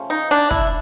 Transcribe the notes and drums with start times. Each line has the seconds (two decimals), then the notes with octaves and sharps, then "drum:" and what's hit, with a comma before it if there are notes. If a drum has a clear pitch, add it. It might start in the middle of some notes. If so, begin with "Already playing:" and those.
Already playing: C#3 F3 A3
0.10 D#4
0.31 D4
0.51 E4, drum: kick